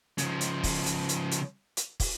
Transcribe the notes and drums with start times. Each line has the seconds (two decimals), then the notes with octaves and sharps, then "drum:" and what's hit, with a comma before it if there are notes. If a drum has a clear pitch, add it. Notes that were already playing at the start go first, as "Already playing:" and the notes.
0.18 C#3 F3, drum: hi-hat
0.41 drum: hi-hat
0.64 drum: kick, open hi-hat
0.86 drum: hi-hat
1.09 drum: hi-hat
1.32 drum: hi-hat
1.77 drum: hi-hat
2.00 drum: kick, open hi-hat